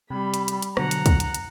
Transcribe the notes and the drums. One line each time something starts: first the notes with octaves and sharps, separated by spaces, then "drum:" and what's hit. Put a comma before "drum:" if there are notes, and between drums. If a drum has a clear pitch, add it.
C3 G3 B5
drum: hi-hat
drum: hi-hat
drum: hi-hat
B2 D3 F#3 F#5 A#5, drum: rim click
drum: hi-hat
drum: kick, hi-hat
drum: hi-hat
drum: hi-hat